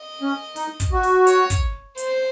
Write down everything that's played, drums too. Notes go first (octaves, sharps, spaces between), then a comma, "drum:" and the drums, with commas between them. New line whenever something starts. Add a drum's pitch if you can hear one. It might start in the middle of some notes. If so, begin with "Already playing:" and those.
Already playing: D#5
C#4
D#4, drum: open hi-hat
drum: kick, hi-hat
F#4
drum: open hi-hat
C#5, drum: hi-hat
drum: kick, hi-hat
C5, drum: hi-hat